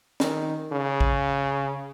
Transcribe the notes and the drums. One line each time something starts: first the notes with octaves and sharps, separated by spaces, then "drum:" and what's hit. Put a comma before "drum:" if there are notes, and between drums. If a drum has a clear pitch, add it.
D#3, drum: snare
C#3
drum: kick